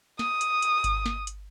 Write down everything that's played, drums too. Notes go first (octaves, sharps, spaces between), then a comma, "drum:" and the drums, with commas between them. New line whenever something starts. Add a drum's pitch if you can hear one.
D#6, drum: snare
drum: hi-hat
drum: hi-hat
drum: kick G#1, hi-hat
drum: snare
drum: hi-hat